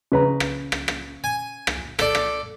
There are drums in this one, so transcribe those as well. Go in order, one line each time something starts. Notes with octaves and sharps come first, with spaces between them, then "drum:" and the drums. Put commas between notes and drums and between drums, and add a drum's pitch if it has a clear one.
C#3 B4 A#5
drum: rim click
drum: rim click
drum: rim click
G#5
drum: rim click
A4 D5, drum: rim click
drum: rim click